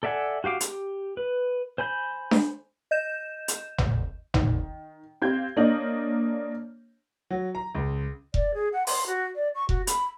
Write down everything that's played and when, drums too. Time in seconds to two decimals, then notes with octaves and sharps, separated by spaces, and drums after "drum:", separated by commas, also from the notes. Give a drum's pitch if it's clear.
0.03 A4 D5 E5 F#5 G#5
0.44 F#4 G4 F5 D6
0.60 G4, drum: hi-hat
1.17 B4
1.78 C5 G#5 B5 G6
2.31 drum: snare D4
2.91 D#5 G6 E7
3.48 drum: hi-hat
3.78 drum: tom G#1
4.34 D#3, drum: tom G#1
5.22 C4 G4 F5 G6 G#6
5.57 A#3 D4 C#5 D#5 F#7
7.30 F#3
7.55 A#5
7.75 C#2
8.34 D5, drum: kick F1
8.54 G#4
8.73 F#5
8.87 C6, drum: open hi-hat
9.07 F#4
9.35 D5
9.55 C#6
9.69 F#4, drum: kick F1
9.87 B5, drum: hi-hat